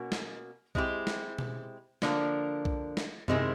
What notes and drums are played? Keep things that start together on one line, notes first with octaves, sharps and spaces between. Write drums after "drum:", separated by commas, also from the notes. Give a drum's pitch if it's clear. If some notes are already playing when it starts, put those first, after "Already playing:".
Already playing: B2 A#3 C#4 F#4
drum: snare
G#3 C4 E4 G4, drum: kick B1
drum: snare
drum: tom B2
D3 F3 A#3 D4, drum: snare
drum: kick B1
drum: snare
C3 D#3 G#3 C4 E4, drum: tom F#2